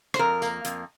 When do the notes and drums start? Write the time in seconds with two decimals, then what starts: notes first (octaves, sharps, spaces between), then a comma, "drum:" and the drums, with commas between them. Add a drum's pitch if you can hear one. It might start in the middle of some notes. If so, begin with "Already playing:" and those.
0.14 C5, drum: rim click
0.19 F2 A#4
0.42 A#3, drum: tambourine
0.65 F2, drum: hi-hat